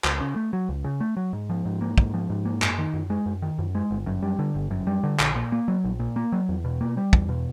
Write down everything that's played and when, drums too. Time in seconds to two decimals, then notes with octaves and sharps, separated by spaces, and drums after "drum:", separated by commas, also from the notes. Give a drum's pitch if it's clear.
0.04 C#2, drum: clap
0.20 C#3
0.36 A3
0.53 F#3
0.69 C#2
0.84 C#3
1.00 A3
1.17 F#3
1.33 G#2
1.50 F3
1.65 G#2
1.81 A#3
1.98 G#2, drum: kick
2.14 F3
2.30 G#2
2.45 A#3
2.62 F#2, drum: clap
2.78 D#3
2.94 F#2
3.10 G#3
3.26 F#2
3.42 D#3
3.59 F#2
3.75 G#3
3.91 G1
4.06 F#2
4.22 G3
4.39 D3
4.55 G1
4.71 F#2
4.87 G3
5.03 D3
5.19 A#1, drum: clap
5.36 A#2
5.52 A#3
5.68 F#3
5.84 A#1
6.00 A#2
6.16 A#3
6.32 F#3
6.49 E2
6.64 B2
6.81 A#3
6.97 G3
7.13 E2, drum: kick
7.29 B2